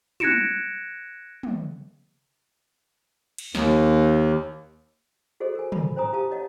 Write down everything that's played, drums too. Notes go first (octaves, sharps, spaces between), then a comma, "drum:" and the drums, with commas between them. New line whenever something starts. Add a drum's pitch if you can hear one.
F#6 G#6 A#6 C#7 D7 E7, drum: tom
drum: tom
drum: cymbal
D#2, drum: snare
F#4 G#4 A4 C5 D#5
A#4 G#5
B5, drum: tom
C#4 C5 G#5 A#5 D#6
G4 F5 A5 D#6
C#5 D#5 F#5 A5